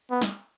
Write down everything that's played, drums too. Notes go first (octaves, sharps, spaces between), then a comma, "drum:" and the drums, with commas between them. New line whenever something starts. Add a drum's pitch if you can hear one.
B3
drum: snare